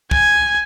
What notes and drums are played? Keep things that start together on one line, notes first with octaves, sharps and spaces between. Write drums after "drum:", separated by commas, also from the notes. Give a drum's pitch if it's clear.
G#5, drum: kick